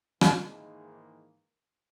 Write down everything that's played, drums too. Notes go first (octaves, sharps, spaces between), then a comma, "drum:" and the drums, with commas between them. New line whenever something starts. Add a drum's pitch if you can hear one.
G#2 D#3 E3 G#3 A#3, drum: rim click